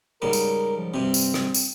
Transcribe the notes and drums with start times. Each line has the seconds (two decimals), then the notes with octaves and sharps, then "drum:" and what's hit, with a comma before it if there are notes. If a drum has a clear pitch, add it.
0.22 G#2 C#3 G3 A#4
0.33 drum: tambourine
0.77 F3
0.94 G2 C3 C4
1.14 drum: tambourine
1.34 drum: rim click
1.54 drum: tambourine